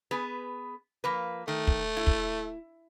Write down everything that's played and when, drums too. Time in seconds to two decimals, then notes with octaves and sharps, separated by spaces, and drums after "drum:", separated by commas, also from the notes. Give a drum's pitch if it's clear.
0.11 B3 G#4 B4
1.04 F3 A#3 B4
1.48 D#3 A3
1.67 drum: kick
1.97 E4
2.07 drum: kick